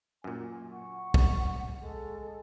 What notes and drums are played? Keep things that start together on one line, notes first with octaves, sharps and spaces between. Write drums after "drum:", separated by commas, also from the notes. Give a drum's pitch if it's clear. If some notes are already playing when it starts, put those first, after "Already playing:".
F#2 A#2 G#5
F#5 C#6
drum: kick
G#3 A4